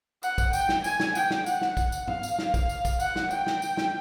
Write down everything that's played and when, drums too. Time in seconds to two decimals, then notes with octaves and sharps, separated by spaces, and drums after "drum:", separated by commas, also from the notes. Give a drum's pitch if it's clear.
0.23 F#5, drum: tambourine
0.38 drum: kick, tambourine
0.53 G5, drum: tambourine
0.69 drum: snare
0.84 G#5, drum: tambourine
1.00 drum: snare
1.15 G5, drum: tambourine
1.31 drum: snare
1.46 F#5, drum: tambourine
1.61 drum: snare
1.77 drum: kick, tambourine
1.92 drum: tambourine
2.08 F5, drum: tom G#2
2.23 drum: tambourine
2.39 drum: snare
2.54 drum: kick, tambourine
2.69 drum: tambourine
2.85 drum: kick, tambourine
3.00 F#5, drum: tambourine
3.16 drum: snare
3.30 G5, drum: tambourine
3.47 drum: snare
3.62 drum: tambourine
3.77 drum: snare